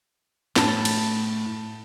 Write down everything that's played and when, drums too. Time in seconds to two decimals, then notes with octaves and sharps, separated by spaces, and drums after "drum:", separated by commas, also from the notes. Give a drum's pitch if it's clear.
0.56 A2 A5 B5, drum: snare
0.85 drum: cymbal